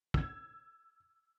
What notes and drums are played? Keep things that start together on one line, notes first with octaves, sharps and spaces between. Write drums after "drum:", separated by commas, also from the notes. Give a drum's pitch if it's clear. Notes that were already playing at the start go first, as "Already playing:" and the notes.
E6 G#6, drum: kick